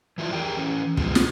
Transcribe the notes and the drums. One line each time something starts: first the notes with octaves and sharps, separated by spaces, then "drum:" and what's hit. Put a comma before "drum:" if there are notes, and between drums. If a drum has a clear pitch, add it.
E3 E4 F4 D5 A5
G4 G#4 A#4 G5
E3 C#4
B2 F3 G#3, drum: kick
drum: snare